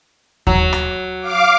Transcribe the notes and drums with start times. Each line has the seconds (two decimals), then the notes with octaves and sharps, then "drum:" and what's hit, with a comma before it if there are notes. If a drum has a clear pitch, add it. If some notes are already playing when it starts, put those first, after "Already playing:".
0.47 F#3, drum: kick D#2
0.73 drum: rim click
1.22 F5 D6